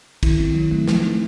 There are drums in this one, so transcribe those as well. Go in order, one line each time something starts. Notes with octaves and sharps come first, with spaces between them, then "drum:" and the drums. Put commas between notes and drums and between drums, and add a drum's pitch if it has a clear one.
D#3 E4, drum: kick, cymbal
C4
F#3
A3
F3, drum: snare
D#4